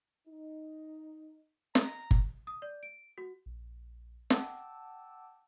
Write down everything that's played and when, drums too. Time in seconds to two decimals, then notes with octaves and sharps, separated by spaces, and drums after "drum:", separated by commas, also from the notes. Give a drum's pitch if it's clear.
0.27 D#4
1.75 A#5, drum: snare
2.11 drum: kick G1
2.47 D#6
2.62 D5
2.83 D7
3.18 F#4
3.46 A#1
4.30 F#5 G5 A5 D6 E6, drum: snare